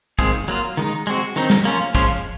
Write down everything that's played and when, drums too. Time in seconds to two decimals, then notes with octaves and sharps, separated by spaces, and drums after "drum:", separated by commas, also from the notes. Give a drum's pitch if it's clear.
0.19 D#3 G#3 C4 F4 G#4, drum: kick
0.48 F#3 A#3 F4
0.77 D#3 G#3 D#4
1.07 G#3 C4 F#4
1.36 D#3 F#3 C4 D#4
1.50 drum: snare
1.65 A#3 C#4 F4
1.95 F3 G#3 C#4 F4, drum: kick